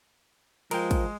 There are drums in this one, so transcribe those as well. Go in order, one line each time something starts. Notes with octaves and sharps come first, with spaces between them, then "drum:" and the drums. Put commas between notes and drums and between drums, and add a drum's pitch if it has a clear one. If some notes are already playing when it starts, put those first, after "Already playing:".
F3 G#3 A#4 G5, drum: cymbal
drum: kick, cymbal